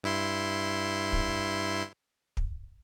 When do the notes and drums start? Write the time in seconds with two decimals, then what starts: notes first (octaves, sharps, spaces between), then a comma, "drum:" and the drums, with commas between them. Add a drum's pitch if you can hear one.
0.04 G2 E4 C6
1.12 drum: kick
2.37 drum: kick